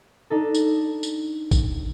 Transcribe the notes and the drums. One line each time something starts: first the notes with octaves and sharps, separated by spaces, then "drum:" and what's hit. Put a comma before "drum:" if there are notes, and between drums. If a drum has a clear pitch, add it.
D4 D#4 A4
drum: tambourine
drum: tambourine
drum: kick A1, tambourine